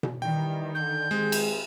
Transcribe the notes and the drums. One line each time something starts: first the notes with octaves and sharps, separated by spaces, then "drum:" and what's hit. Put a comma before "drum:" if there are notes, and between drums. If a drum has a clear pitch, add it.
drum: tom B2
D#3 E3 G3 G5
D3 G6
G#3 C4 G4 G#4
drum: cymbal